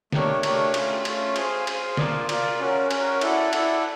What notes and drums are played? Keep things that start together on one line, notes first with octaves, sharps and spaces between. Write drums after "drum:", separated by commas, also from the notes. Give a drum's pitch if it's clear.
A3 D4 G4 A#4 C#5, drum: snare
A3 D4 G4 A#4 C#5, drum: cymbal
A3 C#4 F4, drum: cymbal
A3 C#4 F4, drum: cymbal
G#4 C5 F5 G#5, drum: cymbal
G#4 C5 F5 G#5, drum: cymbal
F4 A#4 D5, drum: snare
F4 A#4 D5, drum: cymbal
C#4 F#4 A#4
C#4 F#4 A#4, drum: cymbal
E4 A4 D5 F#5, drum: cymbal
E4 A4 D5 F#5, drum: cymbal